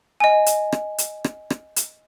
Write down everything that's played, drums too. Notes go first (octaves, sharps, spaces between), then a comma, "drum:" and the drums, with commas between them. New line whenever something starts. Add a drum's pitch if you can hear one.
D#5 G#5
drum: hi-hat
drum: rim click
drum: hi-hat
drum: rim click
drum: rim click
drum: hi-hat